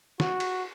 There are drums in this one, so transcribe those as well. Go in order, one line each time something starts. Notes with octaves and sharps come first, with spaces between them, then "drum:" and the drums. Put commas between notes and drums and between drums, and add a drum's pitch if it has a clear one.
F#4, drum: snare
drum: cymbal